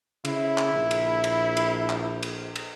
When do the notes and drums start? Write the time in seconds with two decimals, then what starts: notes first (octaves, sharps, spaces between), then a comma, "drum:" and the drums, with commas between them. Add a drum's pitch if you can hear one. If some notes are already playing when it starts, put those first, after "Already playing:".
0.25 C#3 E4, drum: cymbal
0.58 drum: clap
0.74 A#1
0.91 drum: cymbal
1.24 drum: cymbal
1.57 drum: cymbal
1.90 drum: clap
2.23 drum: cymbal
2.56 drum: cymbal